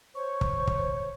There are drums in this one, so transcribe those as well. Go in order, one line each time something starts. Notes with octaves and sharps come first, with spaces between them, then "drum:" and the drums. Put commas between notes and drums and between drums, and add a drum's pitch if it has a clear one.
C5 C#5 C#6
drum: kick
drum: kick